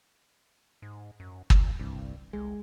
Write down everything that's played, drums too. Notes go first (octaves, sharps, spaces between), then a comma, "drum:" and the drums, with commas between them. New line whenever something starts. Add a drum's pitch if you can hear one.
G#2
F#2
A#2, drum: kick
C2 G2
C2 G#3